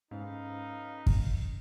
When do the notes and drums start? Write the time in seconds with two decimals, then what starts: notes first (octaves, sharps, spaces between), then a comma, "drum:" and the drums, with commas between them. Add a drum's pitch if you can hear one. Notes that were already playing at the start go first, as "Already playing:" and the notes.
0.11 G#2 C#4 D#4 A4 B4 F5
1.07 drum: kick